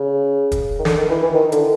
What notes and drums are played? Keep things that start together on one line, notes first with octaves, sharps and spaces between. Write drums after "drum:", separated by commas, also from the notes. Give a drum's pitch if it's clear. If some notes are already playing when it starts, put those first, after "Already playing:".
Already playing: C#3
drum: kick, hi-hat
D#3
D3, drum: snare
D#3
E3
E3
D#3
D3, drum: hi-hat